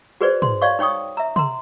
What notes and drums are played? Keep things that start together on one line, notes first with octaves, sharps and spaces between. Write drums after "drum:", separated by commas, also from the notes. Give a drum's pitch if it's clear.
F#4 G#4 B4 C5 D5
C6, drum: tom
C#5 D5 F5 C#6
D#4 C#5 G5 C#6 D#6
E5 A#5
A#5 C6, drum: tom